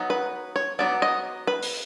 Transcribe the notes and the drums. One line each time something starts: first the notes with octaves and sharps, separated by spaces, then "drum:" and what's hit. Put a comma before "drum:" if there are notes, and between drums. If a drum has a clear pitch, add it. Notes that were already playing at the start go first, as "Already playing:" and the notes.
Already playing: F#3 B3 D#4
B4
C#5
F#3 B3 D#4 D5
D#5
B4
drum: open hi-hat